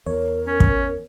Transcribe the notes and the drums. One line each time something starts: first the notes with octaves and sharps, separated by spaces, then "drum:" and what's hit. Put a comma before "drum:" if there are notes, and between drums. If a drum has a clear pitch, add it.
E2 A#4 C#5
C#4
drum: kick